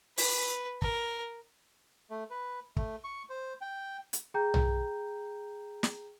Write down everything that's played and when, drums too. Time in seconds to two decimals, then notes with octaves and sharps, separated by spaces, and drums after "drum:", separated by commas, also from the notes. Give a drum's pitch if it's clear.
0.17 B4, drum: open hi-hat
0.82 A#4, drum: kick
2.10 A3
2.30 B4
2.77 A3, drum: kick
3.04 C#6
3.30 C5
3.61 G5
4.13 drum: hi-hat
4.34 G#4 G5 A#5 G6
4.54 drum: tom B1
5.83 drum: snare